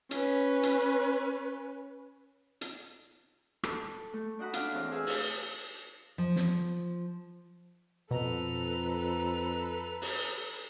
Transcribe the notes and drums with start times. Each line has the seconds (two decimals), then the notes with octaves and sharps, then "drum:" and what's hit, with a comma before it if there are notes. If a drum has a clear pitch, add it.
0.11 C#4 B4, drum: hi-hat
0.63 drum: hi-hat
2.61 drum: hi-hat
3.63 D4 A4, drum: rim click
4.13 A3
4.39 D4 D#4 F#4 F#5 B5
4.53 D4 D5 F5, drum: hi-hat
4.72 E2 C4 F4 C#5
4.91 D#4 G#4 B4 E5 F5
5.07 drum: open hi-hat
6.18 F3
6.36 drum: snare
8.11 F2 B2 A4 B4 A#5
10.02 drum: open hi-hat